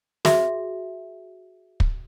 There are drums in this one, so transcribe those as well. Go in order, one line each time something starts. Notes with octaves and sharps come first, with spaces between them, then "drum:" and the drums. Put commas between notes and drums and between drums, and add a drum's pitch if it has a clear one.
F#4 G#4 E5, drum: snare
drum: kick